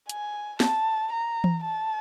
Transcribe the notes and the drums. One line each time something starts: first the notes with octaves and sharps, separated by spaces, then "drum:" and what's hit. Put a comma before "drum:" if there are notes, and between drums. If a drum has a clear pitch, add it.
G#5, drum: hi-hat
A5, drum: snare
A#5
drum: tom E3
A5